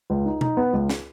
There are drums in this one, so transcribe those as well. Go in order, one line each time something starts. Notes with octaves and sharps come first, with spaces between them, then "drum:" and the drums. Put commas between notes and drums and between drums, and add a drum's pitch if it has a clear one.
C#2
D#4
D#4, drum: tom B2
B3
C#2
drum: snare